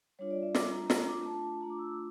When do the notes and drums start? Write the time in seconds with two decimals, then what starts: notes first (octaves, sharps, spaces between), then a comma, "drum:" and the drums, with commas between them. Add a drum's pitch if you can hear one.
0.19 G3 D4 F4 C#5
0.31 D5
0.43 E5
0.55 D6, drum: snare
0.72 A#5
0.90 A3 D4 F4 A#5, drum: snare
1.07 D6
1.25 A5
1.61 A3 D4 F4 A#5
1.70 D6
1.79 E6
1.87 D6